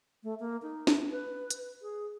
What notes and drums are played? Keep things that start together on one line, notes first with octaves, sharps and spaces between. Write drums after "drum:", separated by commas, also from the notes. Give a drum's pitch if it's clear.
A3
A#3
D#4
drum: snare
B4
drum: hi-hat
G#4